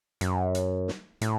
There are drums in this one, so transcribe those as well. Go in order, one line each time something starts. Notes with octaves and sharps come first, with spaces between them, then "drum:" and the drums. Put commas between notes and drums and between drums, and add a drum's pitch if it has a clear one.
F#2, drum: hi-hat
drum: hi-hat
drum: snare
A2, drum: hi-hat